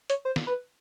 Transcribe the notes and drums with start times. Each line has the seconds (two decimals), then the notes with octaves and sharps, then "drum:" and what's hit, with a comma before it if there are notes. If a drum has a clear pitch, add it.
0.10 C#5, drum: hi-hat
0.25 C5
0.36 drum: snare
0.47 B4